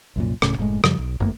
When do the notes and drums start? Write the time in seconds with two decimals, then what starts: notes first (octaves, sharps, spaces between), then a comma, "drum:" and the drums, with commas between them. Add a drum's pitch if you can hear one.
0.16 C2 F#2 A#2
0.42 D1 A2 C#3, drum: rim click
0.58 F#1 A2 G#3
0.84 F#2 C#3 F3 G3, drum: rim click
0.99 B1
1.20 G1 F#2 A3 A#3